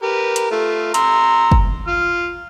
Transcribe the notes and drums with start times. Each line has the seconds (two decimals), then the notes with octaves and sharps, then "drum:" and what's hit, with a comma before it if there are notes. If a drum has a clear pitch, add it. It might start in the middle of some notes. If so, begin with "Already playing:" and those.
0.03 G4 A#4 B4
0.36 drum: hi-hat
0.51 A3 F4
0.94 A#5 C6 E6, drum: hi-hat
1.52 drum: kick
1.88 F4 F6